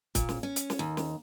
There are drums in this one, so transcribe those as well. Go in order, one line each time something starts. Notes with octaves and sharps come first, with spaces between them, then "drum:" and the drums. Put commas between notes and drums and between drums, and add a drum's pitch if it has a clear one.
A#2, drum: kick, hi-hat
drum: snare
C#4
drum: hi-hat
drum: snare
D#2
drum: snare